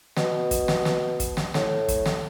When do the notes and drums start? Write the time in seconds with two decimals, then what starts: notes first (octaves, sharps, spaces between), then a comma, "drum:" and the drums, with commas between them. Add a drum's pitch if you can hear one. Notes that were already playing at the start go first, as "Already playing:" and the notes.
0.17 B2, drum: snare
0.51 drum: kick, hi-hat
0.68 drum: snare
0.85 drum: snare
1.20 drum: kick, hi-hat
1.37 drum: snare
1.54 A2, drum: snare
1.88 drum: kick, hi-hat
2.06 drum: snare